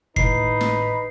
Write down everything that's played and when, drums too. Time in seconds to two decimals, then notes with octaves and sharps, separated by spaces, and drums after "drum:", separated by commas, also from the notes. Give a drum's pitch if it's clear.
0.16 G#1 A2 D#4 B4 C7, drum: kick
0.61 drum: snare